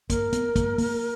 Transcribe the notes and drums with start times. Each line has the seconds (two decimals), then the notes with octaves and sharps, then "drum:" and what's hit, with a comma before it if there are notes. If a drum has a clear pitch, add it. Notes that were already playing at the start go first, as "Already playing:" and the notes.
0.10 A#3 A#4, drum: kick, hi-hat
0.33 B3, drum: hi-hat
0.56 A#3, drum: kick, hi-hat
0.78 A#3, drum: open hi-hat